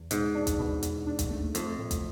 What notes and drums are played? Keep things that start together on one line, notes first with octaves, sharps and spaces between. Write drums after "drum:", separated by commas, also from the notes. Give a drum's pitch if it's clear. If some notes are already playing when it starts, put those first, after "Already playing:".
Already playing: E2
G#2 B2, drum: hi-hat
D4
drum: kick, hi-hat
B2
E2, drum: hi-hat
D4
drum: kick, hi-hat
A3
F2 A3, drum: hi-hat
A2
drum: kick, hi-hat